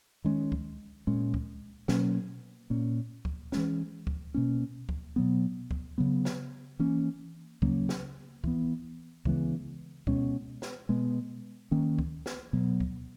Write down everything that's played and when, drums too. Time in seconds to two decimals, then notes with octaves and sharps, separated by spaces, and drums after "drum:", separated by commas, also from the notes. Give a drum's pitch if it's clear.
0.24 D#3 G#3 C#4
0.52 drum: kick C#2
1.07 A#2 G#3 C#4
1.34 drum: kick C#2
1.88 B2 F#3 A#3 C#4, drum: snare
2.70 A#2 A#3 C#4
3.25 drum: kick C#2
3.52 E3 G#3 C#4, drum: snare
4.07 drum: kick C#2
4.34 B2 A#3 C#4
4.89 drum: kick C#2
5.16 B2 F#3 B3
5.71 drum: kick C#2
5.98 C#3 F#3 B3
6.25 drum: snare
6.79 E3 A#3 C#4
7.62 C#3 F#3 A#3 C#4, drum: kick C#2
7.89 drum: snare
8.44 E3 B3, drum: kick C#2
9.25 C#3 E3 G#3 B3, drum: kick C#2
10.07 B2 G#3 C#4, drum: kick C#2
10.62 drum: snare
10.89 B2 G#3 B3
11.71 D#3 A#3 C#4
11.99 drum: kick C#2
12.26 drum: snare
12.53 B2 F#3 B3
12.80 drum: kick C#2